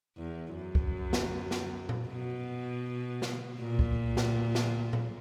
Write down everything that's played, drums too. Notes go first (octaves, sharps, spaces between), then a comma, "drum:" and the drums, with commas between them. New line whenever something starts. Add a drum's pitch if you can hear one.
E2
F#2
drum: kick C2
drum: snare
drum: snare
drum: tom A#2
B2
drum: snare
A#2
drum: kick C2
drum: snare
drum: snare
drum: tom A#2